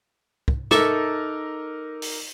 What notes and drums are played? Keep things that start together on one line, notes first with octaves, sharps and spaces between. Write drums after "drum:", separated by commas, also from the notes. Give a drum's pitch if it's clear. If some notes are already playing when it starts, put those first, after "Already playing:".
drum: kick
D#4 A4 A#4 E5 C#6 D6 E6, drum: snare
drum: open hi-hat